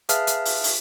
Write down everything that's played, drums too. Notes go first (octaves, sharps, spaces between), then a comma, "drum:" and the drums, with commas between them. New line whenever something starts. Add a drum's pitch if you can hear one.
G#4 B4 E5 F5 A5 F6, drum: hi-hat
drum: hi-hat
drum: open hi-hat
drum: open hi-hat